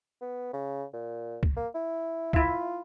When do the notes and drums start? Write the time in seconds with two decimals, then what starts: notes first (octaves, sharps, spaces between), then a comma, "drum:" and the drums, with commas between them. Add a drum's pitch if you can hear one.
0.21 B3
0.53 C#3
0.93 A#2
1.43 drum: kick C#2
1.57 A#3
1.74 E4
2.33 E4 F4 E5, drum: kick C#2